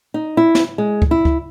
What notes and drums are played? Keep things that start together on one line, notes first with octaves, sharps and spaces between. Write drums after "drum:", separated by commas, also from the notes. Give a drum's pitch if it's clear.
D#4
E4
drum: snare
G#3
drum: kick C#2
E4
drum: kick C#2